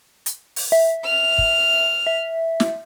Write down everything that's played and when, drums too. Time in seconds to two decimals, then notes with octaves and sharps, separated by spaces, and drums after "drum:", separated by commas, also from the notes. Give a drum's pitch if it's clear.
0.26 drum: hi-hat
0.56 drum: open hi-hat
0.72 E5
1.05 F6
1.38 drum: kick
2.07 E5
2.60 drum: snare